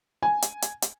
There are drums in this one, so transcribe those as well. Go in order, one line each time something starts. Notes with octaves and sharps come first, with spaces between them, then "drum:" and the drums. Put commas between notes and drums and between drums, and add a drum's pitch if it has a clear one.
G#5
drum: hi-hat
drum: hi-hat
drum: hi-hat